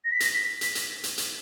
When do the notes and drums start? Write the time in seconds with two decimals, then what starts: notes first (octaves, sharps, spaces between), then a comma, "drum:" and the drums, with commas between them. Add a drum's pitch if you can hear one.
0.05 A#6
0.12 B6
0.20 A#6, drum: hi-hat
0.33 B6
0.61 drum: hi-hat
0.75 drum: hi-hat
1.04 drum: hi-hat
1.18 drum: hi-hat